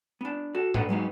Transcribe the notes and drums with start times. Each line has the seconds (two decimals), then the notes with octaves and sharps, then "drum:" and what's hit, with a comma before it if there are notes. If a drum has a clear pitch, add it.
0.21 B3 D4
0.55 F#4 A4
0.74 A#3 D4 A4 B4 F#5, drum: tom G#2
0.89 F#3 G#3 B3 D#4